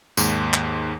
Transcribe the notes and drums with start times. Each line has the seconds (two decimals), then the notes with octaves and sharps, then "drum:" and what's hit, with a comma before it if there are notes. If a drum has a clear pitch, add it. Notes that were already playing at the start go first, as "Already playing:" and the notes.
0.17 D#2 G#2, drum: tambourine
0.53 drum: clap